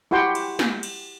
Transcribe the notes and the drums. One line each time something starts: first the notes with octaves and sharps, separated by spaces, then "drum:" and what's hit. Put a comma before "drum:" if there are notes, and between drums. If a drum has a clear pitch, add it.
E4 F#4 G4 F#5 G5 C6
drum: cymbal
drum: snare
drum: cymbal